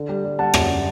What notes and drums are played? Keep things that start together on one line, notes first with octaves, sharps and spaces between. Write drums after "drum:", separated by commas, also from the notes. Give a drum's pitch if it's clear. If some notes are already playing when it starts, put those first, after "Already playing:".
Already playing: D3
G3
G3
G3 F#5 A5
F#2, drum: rim click
G3